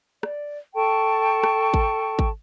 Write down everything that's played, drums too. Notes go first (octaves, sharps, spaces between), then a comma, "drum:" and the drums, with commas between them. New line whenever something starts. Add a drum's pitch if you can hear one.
D5, drum: rim click
A4 G5 A5 C#6
drum: rim click
drum: kick G#1
drum: kick G#1